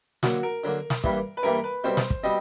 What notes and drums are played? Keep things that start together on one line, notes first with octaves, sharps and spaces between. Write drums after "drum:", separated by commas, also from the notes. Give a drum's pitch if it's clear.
D3 F#3 A#3 F#4, drum: snare
A#4
D3 F#3 A#3
drum: snare
G2 E3 G3 A#3, drum: kick
B4
G2 E3 G3 A#3 A#4
B4
C2 B2 G3 C4 C5
drum: snare
drum: kick
B2 G3 C4 D#5